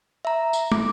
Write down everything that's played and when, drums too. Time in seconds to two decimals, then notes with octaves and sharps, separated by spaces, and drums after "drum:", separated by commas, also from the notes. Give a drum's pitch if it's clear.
0.25 E5 A#5
0.53 drum: tambourine
0.72 D6, drum: tom